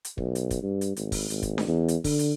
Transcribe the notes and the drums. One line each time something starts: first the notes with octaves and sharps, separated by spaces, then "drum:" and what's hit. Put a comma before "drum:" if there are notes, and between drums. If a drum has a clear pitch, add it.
drum: hi-hat
B1, drum: kick
drum: hi-hat
drum: kick, hi-hat
G2
drum: hi-hat
G#1, drum: hi-hat
drum: kick, open hi-hat
G#1, drum: hi-hat
drum: kick, hi-hat
drum: snare D4
E2
drum: hi-hat
D3, drum: kick, open hi-hat
drum: hi-hat